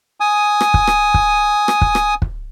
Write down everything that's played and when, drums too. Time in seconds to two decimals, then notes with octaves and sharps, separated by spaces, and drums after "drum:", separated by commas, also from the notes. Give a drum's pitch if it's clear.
0.20 G#5 D#6
0.61 drum: rim click
0.74 drum: kick
0.87 drum: rim click
1.14 drum: kick
1.68 drum: rim click
1.81 drum: kick
1.95 drum: rim click
2.22 drum: kick